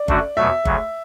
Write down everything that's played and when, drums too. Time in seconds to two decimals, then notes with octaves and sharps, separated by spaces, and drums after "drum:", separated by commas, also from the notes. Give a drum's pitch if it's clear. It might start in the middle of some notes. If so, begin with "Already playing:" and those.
Already playing: D5
0.08 F#2 D3 A3 D4 F#4, drum: kick G1
0.37 E2 B2 F#3 A3 E5
0.65 D2 C#3 F#3, drum: kick G1